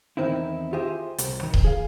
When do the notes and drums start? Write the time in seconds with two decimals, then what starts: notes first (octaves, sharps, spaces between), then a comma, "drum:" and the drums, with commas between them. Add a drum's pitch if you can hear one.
0.17 E2 G#2 D#3 C4 D#4 E4
0.73 F4 G4 G#4 C5 D#5 E5
1.18 C2, drum: hi-hat
1.43 D#3
1.54 drum: kick D#1
1.64 G#4 F5